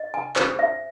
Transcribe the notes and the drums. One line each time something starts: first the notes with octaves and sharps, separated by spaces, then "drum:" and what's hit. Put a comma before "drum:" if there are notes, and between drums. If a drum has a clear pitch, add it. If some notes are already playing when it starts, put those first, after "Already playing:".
Already playing: D#5
G#5
C5, drum: clap
E5